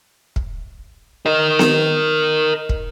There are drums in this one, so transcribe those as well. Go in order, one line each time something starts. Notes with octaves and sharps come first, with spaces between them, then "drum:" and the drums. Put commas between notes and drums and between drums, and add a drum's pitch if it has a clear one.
drum: kick
A#4 D#5
drum: snare B3
drum: kick